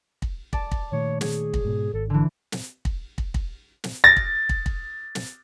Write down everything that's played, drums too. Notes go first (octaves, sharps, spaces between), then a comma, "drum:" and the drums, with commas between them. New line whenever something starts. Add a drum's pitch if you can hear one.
drum: kick
D5 A5, drum: kick
drum: kick
A#2 D#3 A3 C#5
G#4 C#5, drum: snare
drum: kick
G#2 B2
G#1 A4
D3 E3 D4
drum: snare
drum: kick
drum: kick
drum: kick
drum: snare
A6 A#6
drum: kick
drum: kick
drum: kick
drum: snare